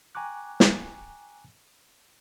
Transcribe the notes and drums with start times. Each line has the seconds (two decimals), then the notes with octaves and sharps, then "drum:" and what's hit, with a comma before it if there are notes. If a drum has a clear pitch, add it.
0.15 G5 G#5 A#5 C#6 D6 F#6
0.60 drum: snare